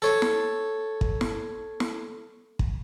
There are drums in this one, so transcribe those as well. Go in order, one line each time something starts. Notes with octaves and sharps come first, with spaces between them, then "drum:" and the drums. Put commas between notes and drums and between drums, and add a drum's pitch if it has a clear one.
A4 C#5
drum: snare
drum: kick
drum: snare
drum: snare
drum: kick